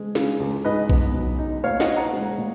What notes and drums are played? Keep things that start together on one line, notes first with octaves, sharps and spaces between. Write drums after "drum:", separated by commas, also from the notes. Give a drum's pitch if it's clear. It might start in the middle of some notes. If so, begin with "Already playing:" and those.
Already playing: G#3
C#3, drum: snare
C#2
G#2 B4 D#5
B3, drum: kick A#1
F#3
D#4
A#2 C#5 F5
D#5 F#5, drum: snare
D#4
F#5 A#5
G#3
A#2